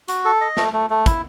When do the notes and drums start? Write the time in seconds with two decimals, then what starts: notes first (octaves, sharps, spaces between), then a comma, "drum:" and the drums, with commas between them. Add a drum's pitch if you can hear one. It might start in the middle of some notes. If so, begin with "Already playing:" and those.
0.08 F#4, drum: hi-hat
0.25 A4
0.41 D#5
0.57 A3, drum: snare
0.73 A3
0.90 A3
1.06 E4, drum: kick, hi-hat